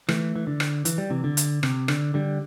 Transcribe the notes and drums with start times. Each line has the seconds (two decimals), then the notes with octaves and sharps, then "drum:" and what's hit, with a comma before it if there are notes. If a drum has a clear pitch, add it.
0.09 E3 A3, drum: rim click
0.36 E3
0.47 D3
0.60 drum: rim click
0.85 E3, drum: hi-hat
0.98 G3
1.10 C3 E3
1.24 D3
1.37 drum: hi-hat
1.63 C3, drum: rim click
1.88 D3, drum: rim click
2.14 D3 G3